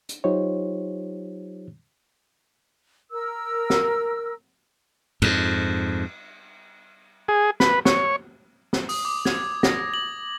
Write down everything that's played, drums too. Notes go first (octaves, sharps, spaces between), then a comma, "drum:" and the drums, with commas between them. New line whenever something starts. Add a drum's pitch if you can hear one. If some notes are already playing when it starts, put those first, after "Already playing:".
drum: hi-hat
F#3 D#4 F4 G4 C5 C#5
A#4 E6
drum: snare
F2 G#2, drum: cymbal
G#4
B4, drum: snare
C#5, drum: snare
drum: snare
D#6, drum: open hi-hat
D6
G#6, drum: snare
A#6, drum: snare
F#7